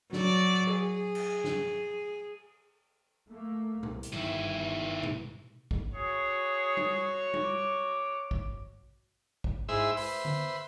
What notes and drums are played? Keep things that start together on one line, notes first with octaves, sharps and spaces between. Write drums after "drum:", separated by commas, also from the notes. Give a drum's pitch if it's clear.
F#3 D5, drum: snare
G#4
drum: cymbal
drum: snare
A3 A#3
C2, drum: tom A#2
drum: hi-hat
G1 G2 D#3 E4
drum: tom A#2
drum: kick
F#4 G#4 C#5
drum: tom G3
drum: tom G3
D6
drum: kick
drum: kick
G#2 E4 G#4 C5 E5 E6
B4 C5 E5, drum: open hi-hat
drum: tom D3